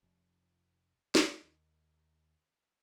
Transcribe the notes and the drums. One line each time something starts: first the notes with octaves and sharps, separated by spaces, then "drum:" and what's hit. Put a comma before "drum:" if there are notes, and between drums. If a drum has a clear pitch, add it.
F1
drum: snare
D#2